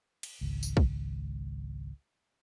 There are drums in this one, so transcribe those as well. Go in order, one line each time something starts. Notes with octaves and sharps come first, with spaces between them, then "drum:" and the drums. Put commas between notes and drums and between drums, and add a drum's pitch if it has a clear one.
drum: cymbal
G#1 C#2
drum: tambourine
drum: kick